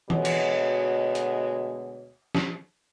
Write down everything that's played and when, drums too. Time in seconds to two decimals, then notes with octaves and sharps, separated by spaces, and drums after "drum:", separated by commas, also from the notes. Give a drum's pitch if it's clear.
0.10 D2 B2 G#3 F#4 C#5, drum: tom E3
0.25 drum: cymbal
1.15 drum: hi-hat
2.35 drum: snare